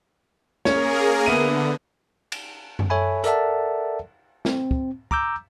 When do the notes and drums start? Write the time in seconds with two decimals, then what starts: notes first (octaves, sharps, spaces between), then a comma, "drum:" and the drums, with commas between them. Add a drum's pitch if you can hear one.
0.65 A#3 C#4 G#4 A#4 C#5, drum: snare
1.26 D3 B3 E5 D#7
2.32 drum: cymbal
2.79 drum: tom F#2
2.90 A4 C#5 E5 G#5 B5
3.24 A4 A#4 D5 E5 F#5 A5, drum: hi-hat
4.45 C4, drum: snare
4.71 drum: kick
5.11 A#5 D6 E6 G6, drum: kick